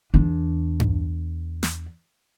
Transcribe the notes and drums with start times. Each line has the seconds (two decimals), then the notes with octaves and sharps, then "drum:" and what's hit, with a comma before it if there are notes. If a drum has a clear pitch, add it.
0.14 E2 D4
0.80 drum: tom G2
1.63 drum: snare